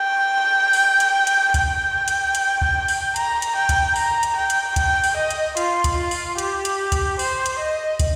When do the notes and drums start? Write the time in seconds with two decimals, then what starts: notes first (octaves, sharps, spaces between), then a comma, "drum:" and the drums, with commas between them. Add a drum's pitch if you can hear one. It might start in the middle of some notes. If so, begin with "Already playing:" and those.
Already playing: G5
0.73 drum: open hi-hat
1.00 drum: hi-hat
1.27 drum: hi-hat
1.54 G5, drum: kick, hi-hat
2.08 drum: hi-hat
2.35 drum: hi-hat
2.62 drum: kick
2.88 drum: open hi-hat
3.16 A#5, drum: hi-hat
3.42 drum: hi-hat
3.56 G5
3.69 drum: kick, hi-hat
3.96 A#5, drum: open hi-hat
4.23 drum: hi-hat
4.36 G5
4.50 drum: hi-hat
4.76 G5, drum: kick, hi-hat
5.04 drum: open hi-hat
5.17 D#5
5.31 drum: hi-hat
5.57 F4, drum: hi-hat
5.84 drum: kick, hi-hat
5.97 F4
6.11 drum: open hi-hat
6.38 G4, drum: hi-hat
6.65 drum: hi-hat
6.92 drum: kick, hi-hat
7.19 C5, drum: open hi-hat
7.46 drum: hi-hat
7.59 D#5
8.00 drum: kick, hi-hat